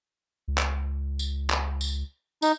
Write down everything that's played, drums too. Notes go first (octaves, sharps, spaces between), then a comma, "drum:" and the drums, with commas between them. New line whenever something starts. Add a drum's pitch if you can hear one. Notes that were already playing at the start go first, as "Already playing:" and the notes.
C#2
drum: clap
drum: tambourine
drum: clap
drum: tambourine
D#4, drum: tambourine